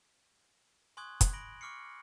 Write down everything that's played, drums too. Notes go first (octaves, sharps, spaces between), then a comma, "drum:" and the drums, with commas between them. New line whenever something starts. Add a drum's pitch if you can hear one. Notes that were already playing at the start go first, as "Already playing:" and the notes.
G#5 C6 C#6 D#6 F#6 G#6
drum: kick, hi-hat
B5 A#6 D7 F#7 G7
C#6 D6 F6 C7 C#7